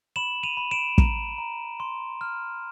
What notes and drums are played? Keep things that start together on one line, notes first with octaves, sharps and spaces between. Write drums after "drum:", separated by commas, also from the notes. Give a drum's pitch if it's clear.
B5 E7 F#7
D#7 F7
B5
D7 E7
A#5, drum: kick
A#5
C6
F6